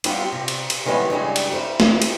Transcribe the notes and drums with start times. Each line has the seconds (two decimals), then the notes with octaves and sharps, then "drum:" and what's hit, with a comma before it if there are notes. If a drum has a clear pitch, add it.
0.04 G3 B3 C4 E4 F4 G4, drum: cymbal
0.32 C3
0.48 drum: cymbal
0.70 drum: cymbal
0.86 D#3 E3 G3 G#3 B3 C#4
1.10 G2 C#3 G3 G#3
1.36 drum: cymbal
1.51 E4 G4 B4 C5
1.80 drum: snare
2.02 drum: cymbal